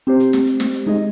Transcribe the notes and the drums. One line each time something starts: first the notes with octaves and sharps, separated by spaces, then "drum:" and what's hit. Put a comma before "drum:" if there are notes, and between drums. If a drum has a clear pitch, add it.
C4 G4 C5
drum: hi-hat
drum: snare
drum: hi-hat
drum: snare
drum: hi-hat
G#3 D#4 G#4 D#5